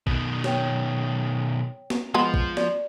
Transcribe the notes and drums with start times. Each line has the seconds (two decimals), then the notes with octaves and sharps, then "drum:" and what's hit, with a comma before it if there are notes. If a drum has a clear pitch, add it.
0.07 B2 D#3, drum: kick A1
0.44 C#5 G5, drum: snare
1.90 drum: snare
2.14 F3 G#3 B3 B5
2.34 drum: kick A1
2.57 D5, drum: snare